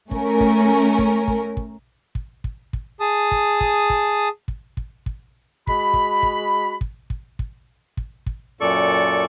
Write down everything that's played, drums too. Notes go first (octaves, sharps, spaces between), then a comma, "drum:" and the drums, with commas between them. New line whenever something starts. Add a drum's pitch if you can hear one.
A3 C#4 A#4, drum: kick
drum: kick
drum: kick
drum: kick
drum: kick
drum: kick
drum: kick
drum: kick
G#4 A5 D#6
drum: kick
drum: kick
drum: kick
drum: kick
drum: kick
drum: kick
G#3 F#4 B5, drum: kick
drum: kick
drum: kick
drum: kick
drum: kick
drum: kick
drum: kick
drum: kick
F#2 A#2 A4 D5 C#6